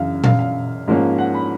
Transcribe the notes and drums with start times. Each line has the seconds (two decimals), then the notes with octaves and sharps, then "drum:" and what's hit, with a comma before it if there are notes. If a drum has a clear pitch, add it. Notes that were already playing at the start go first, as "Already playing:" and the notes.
Already playing: F#2 C#3 E3 F5
0.24 F5, drum: tom A#2
0.39 F5
0.88 G#2 F3 A#3 C#4 F4
1.18 F#5
1.35 B5